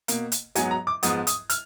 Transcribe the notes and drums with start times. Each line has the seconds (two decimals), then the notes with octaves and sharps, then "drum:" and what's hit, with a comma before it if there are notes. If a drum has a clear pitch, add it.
0.08 B2 A#3, drum: hi-hat
0.32 drum: hi-hat
0.55 G#2 F#3 B3 G#5, drum: hi-hat
0.71 A#5
0.87 D6
1.03 G#2 F3 G#3 B3 D#6, drum: hi-hat
1.27 D#6, drum: hi-hat
1.50 F6, drum: hi-hat